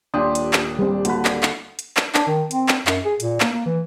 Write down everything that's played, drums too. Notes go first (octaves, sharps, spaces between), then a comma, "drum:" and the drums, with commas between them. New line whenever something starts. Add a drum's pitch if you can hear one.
D#1 A#2 D4 G4 C6 D#6
drum: hi-hat
drum: clap
G3 C4
D3 A#3 F#4 B4, drum: hi-hat
drum: clap
drum: clap
drum: hi-hat
drum: clap
D4, drum: clap
D#3
C4, drum: hi-hat
drum: clap
F#2, drum: clap
G#4
A#2, drum: hi-hat
A#3, drum: clap
A#3
E3